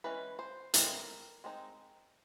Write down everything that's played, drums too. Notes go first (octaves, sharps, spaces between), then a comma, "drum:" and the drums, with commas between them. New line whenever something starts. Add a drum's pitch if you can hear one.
E3 G#3 C#4 B4
C5
E3 G#3 C4 D#4 A#4, drum: hi-hat
G#3 C4 D#4